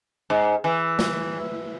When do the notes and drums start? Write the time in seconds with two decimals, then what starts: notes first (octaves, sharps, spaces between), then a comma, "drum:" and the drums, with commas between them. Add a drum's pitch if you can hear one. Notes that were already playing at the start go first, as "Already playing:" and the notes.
0.30 G#2
0.64 E3
0.99 drum: snare